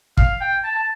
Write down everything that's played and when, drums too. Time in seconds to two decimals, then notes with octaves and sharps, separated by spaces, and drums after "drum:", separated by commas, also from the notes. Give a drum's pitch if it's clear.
0.17 F5, drum: kick
0.41 G5
0.64 A5
0.75 A5